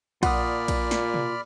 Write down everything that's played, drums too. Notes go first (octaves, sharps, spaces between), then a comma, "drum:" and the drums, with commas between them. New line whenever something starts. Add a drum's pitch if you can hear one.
A#2 F4 D5 F#5 B5 D#6 F6, drum: kick A#1, cymbal
drum: kick A#1, cymbal
drum: snare
drum: tom